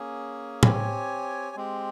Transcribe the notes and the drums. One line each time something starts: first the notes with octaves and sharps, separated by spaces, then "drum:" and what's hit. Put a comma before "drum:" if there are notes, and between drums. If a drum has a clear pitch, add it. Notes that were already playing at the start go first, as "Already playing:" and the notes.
Already playing: A#3 C#4 G#4
C4 G4 C#5 G#5, drum: tom A2
G#3 C4 G4